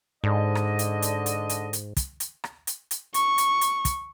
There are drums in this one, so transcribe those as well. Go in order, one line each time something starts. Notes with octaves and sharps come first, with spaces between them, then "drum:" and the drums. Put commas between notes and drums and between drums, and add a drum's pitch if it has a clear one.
G#2 D3 D#5
drum: rim click
drum: hi-hat
drum: hi-hat
drum: hi-hat
drum: hi-hat
drum: hi-hat
drum: kick, hi-hat
drum: hi-hat
drum: rim click
drum: hi-hat
drum: hi-hat
C#6, drum: hi-hat
drum: hi-hat
drum: hi-hat
drum: kick, hi-hat